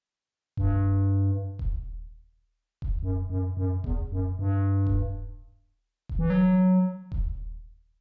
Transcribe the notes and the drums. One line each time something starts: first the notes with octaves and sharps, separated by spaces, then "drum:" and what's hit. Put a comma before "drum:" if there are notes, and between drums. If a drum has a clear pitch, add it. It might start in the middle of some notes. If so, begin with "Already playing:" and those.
G2, drum: kick D#1
drum: kick D#1
drum: kick D#1
F#2
F#2
F#2
E2, drum: kick D#1
F#2
G2
drum: kick D#1
drum: kick D#1
E3
F#3
drum: kick D#1